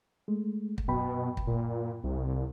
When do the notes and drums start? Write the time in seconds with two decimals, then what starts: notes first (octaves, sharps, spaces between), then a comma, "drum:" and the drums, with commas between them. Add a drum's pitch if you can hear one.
0.28 G#3 A3
0.78 drum: kick
0.88 F#2 B2 G5 B5
1.37 drum: kick
1.47 A#2
2.04 C2